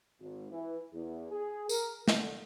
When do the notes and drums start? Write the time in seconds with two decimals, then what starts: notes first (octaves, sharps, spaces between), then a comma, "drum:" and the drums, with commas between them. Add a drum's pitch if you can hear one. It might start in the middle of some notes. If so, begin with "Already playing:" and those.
0.21 G#1
0.51 E3
0.93 E2
1.31 G#4
1.69 A#4, drum: tambourine
2.08 D3, drum: snare